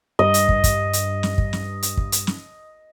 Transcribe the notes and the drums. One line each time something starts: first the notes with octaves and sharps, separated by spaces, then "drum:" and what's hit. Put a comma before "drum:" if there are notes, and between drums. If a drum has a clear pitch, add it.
G2 D#5
drum: hi-hat
drum: kick
drum: kick, hi-hat
drum: hi-hat
drum: snare
drum: kick
drum: snare
drum: hi-hat
drum: kick
drum: hi-hat
drum: snare